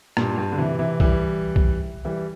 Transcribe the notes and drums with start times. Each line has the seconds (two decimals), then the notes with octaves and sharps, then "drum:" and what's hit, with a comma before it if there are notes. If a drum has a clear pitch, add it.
0.17 G2 A#2, drum: rim click
0.38 G2
0.52 D3
0.58 C3 E3
0.79 C3 E3
1.00 E3 G3, drum: kick B1
1.56 drum: kick B1
2.05 E3 G3